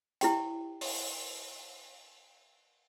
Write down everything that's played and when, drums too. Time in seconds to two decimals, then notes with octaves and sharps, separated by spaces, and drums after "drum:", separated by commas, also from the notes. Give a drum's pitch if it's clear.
0.21 E4 G4 G5, drum: hi-hat
0.81 drum: open hi-hat